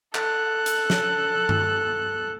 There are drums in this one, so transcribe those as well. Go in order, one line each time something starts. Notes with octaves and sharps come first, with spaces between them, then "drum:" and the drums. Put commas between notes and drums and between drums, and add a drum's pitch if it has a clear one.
A4 F#6, drum: clap
drum: hi-hat
drum: snare
drum: tom G2